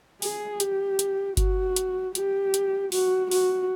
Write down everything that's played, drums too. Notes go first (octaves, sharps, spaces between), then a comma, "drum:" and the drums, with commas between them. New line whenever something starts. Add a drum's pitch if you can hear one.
G#4, drum: open hi-hat
G4, drum: hi-hat
drum: hi-hat
F#4, drum: kick G1, hi-hat
drum: hi-hat
G4, drum: hi-hat
drum: hi-hat
F#4, drum: open hi-hat
F#4, drum: open hi-hat